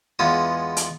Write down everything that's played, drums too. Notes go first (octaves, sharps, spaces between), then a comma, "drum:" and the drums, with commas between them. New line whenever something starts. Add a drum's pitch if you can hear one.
E2 G#3 B3 F4 D#6
drum: hi-hat